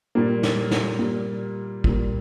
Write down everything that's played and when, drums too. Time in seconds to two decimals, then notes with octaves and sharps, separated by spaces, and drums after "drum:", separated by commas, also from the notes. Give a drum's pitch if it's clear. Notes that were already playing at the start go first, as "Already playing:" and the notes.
0.15 A#2 G3 A#3
0.43 drum: snare
0.71 drum: snare
0.99 A#2 G3 A#3
1.84 A#2 G3 A#3, drum: kick